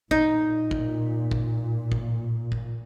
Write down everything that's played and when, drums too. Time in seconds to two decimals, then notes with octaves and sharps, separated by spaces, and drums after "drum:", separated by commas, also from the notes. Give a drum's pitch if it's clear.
0.11 A#2 D#4, drum: kick
0.71 drum: kick
1.31 drum: kick
1.92 drum: kick
2.52 drum: kick